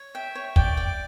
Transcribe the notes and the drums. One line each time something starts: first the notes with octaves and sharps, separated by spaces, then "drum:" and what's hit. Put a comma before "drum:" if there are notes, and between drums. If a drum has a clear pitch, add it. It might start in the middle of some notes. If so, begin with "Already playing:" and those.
Already playing: C#5
E5 G5
C#5
D5 G5, drum: kick
G5